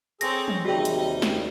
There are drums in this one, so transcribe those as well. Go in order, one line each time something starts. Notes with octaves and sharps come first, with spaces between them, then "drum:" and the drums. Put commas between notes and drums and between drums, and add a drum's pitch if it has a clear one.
C4 G#4 A4 C#5 A#6, drum: hi-hat
drum: tom
D#2 C3 G3 D#4 F#4 G#4 D#5 G5
drum: hi-hat
drum: snare